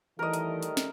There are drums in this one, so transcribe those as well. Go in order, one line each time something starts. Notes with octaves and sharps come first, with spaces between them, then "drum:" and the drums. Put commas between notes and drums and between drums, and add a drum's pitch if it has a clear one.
D#3 E3 G3 A3 A#4 D#5
drum: hi-hat
drum: hi-hat
drum: snare